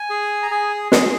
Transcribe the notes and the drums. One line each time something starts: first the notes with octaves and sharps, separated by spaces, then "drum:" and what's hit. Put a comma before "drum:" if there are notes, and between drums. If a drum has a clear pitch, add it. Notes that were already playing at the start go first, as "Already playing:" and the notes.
Already playing: G#5
G#4
A#5
G#4 G#5
G#4 C6, drum: snare